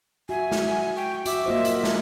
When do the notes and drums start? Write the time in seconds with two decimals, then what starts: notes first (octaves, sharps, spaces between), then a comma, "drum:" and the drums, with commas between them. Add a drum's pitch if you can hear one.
0.29 F#4 E5 G#5
0.52 drum: snare
0.96 G5 C#6
1.26 F#4 E5 D6, drum: hi-hat
1.46 A#3 F4 C5 D#5
1.65 drum: hi-hat
1.84 drum: snare